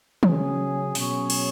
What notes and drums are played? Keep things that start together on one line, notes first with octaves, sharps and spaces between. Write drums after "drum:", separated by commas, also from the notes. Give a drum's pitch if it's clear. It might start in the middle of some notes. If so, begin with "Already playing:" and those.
C#3 F#3 C#4 G#4, drum: tom D#3
B2 F#3 C#4 G#4 C#5, drum: open hi-hat
drum: cymbal